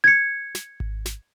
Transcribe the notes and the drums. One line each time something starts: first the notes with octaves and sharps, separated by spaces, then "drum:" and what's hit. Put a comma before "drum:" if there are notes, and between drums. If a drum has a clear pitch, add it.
G#6 C#7
drum: snare
drum: kick G#1
drum: snare